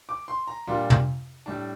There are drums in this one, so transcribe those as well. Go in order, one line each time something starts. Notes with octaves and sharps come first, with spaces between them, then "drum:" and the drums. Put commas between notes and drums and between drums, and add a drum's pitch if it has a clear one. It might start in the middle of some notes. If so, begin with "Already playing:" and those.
D6
C6
A#5
A#2 G3 D4 F4
drum: tom
A2 G3 D4 A5